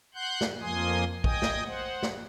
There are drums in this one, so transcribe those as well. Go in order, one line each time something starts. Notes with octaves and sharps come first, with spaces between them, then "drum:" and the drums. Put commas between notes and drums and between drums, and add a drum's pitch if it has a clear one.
F#5 C6 F#6 G6
drum: snare
F2 F3 A#3 G#5 C6 D#6
D#5 G5 G#5 D#6, drum: kick A#1
drum: snare
C5 F#5
drum: snare